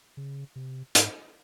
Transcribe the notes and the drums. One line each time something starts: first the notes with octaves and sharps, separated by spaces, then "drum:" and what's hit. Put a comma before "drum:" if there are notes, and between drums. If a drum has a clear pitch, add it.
C#3
C3
G#2, drum: hi-hat